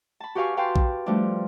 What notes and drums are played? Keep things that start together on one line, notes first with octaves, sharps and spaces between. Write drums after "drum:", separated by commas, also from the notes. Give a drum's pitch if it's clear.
A5 B5
F#4 G4 B4 F5 G#5 C#6
B4 F5 G5 A5 C6
drum: kick A#1
F3 G3 A3 D4